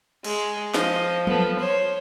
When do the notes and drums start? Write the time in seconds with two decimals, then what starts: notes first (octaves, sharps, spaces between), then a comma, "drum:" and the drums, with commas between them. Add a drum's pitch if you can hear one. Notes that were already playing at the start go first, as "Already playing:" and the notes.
0.24 G#3, drum: cymbal
0.74 F3 D#5, drum: snare
1.27 B3 A4, drum: tom F3
1.59 C5 C#5